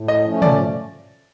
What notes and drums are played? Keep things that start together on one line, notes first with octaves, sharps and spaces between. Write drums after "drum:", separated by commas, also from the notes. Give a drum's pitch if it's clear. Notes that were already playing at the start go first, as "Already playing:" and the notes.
Already playing: A2
D#5
F3 A3 C#4
D5, drum: tom